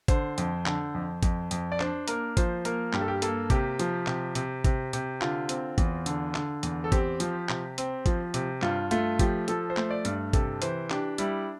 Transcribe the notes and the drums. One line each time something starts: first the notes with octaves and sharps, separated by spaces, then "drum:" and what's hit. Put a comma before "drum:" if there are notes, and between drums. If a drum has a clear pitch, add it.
D3 C5, drum: kick G#1, hi-hat
F2, drum: hi-hat
D3, drum: clap
F2
F2, drum: kick G#1, hi-hat
F2, drum: hi-hat
D5
D4 C5, drum: clap
A#3 A#4, drum: hi-hat
F3 C5, drum: kick G#1, hi-hat
A#3 A#4, drum: hi-hat
G2 G4, drum: clap
A4
G4
A#3 A4, drum: hi-hat
C3 G4, drum: kick G#1, hi-hat
F3, drum: hi-hat
C3, drum: clap
C3, drum: hi-hat
C3, drum: kick G#1, hi-hat
C3, drum: hi-hat
D3 F4, drum: clap
C4, drum: hi-hat
E2, drum: kick G#1, hi-hat
D3, drum: hi-hat
D3, drum: clap
E2, drum: hi-hat
A4
C4 G4, drum: kick G#1, hi-hat
F3, drum: hi-hat
C3, drum: clap
C4, drum: hi-hat
F3, drum: kick G#1, hi-hat
C3, drum: hi-hat
G2 F4, drum: clap
A3 F4, drum: hi-hat
F3 G4, drum: kick G#1, hi-hat
F3 A4, drum: hi-hat
C5
A3, drum: clap
D5
G2, drum: hi-hat
C3 A4, drum: kick G#1, hi-hat
E3 C5, drum: hi-hat
D4 G4, drum: clap
G3 E4, drum: hi-hat